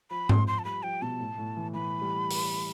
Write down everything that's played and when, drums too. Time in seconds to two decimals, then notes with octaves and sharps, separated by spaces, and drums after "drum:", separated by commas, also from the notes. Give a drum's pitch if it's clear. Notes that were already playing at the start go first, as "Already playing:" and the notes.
0.10 F3 B5
0.29 C6, drum: tom G#2
0.38 F3
0.48 C6
0.59 A5
0.65 G3 B5
0.83 F3 G5
1.02 B2 A5
1.20 A2
1.38 A2
1.57 E3
1.74 E3 B5
2.02 G3
2.30 drum: open hi-hat